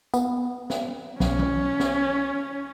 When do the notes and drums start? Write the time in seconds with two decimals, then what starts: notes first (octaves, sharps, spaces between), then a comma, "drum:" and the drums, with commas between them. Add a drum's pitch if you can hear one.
0.14 B3, drum: tambourine
0.70 drum: snare
1.20 B1 C#4, drum: snare
1.39 drum: tom D#3
1.80 drum: snare